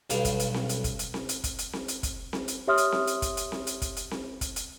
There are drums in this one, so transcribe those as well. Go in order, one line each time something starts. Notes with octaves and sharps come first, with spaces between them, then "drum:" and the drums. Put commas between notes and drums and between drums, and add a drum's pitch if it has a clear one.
B1 G2 F5, drum: hi-hat
drum: kick, hi-hat
drum: hi-hat
drum: snare C4
drum: hi-hat
drum: kick, hi-hat
drum: hi-hat
drum: snare C4
drum: hi-hat
drum: kick, hi-hat
drum: hi-hat
drum: snare C4
drum: hi-hat
drum: kick, hi-hat
drum: snare C4
drum: hi-hat
G4 C#5 E5 C6 D#6 F6
drum: hi-hat
drum: snare C4
drum: hi-hat
drum: kick, hi-hat
drum: hi-hat
drum: snare C4
drum: hi-hat
drum: kick, hi-hat
drum: hi-hat
drum: snare C4
drum: kick, hi-hat
drum: hi-hat